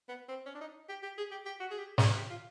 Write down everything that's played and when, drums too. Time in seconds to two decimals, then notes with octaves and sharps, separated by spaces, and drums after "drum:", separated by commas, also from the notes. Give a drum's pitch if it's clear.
0.09 B3
0.29 C4
0.46 C#4
0.55 D4
0.61 D#4
0.89 G4
1.03 G4
1.18 G#4
1.31 G4
1.46 G4
1.60 F#4
1.71 G#4
1.78 G4
1.98 G#4, drum: snare
2.17 G4
2.30 F4